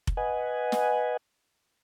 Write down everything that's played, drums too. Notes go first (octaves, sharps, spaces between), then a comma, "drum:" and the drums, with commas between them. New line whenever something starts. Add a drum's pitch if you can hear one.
drum: kick F1
B4 D#5 F#5 G#5
drum: snare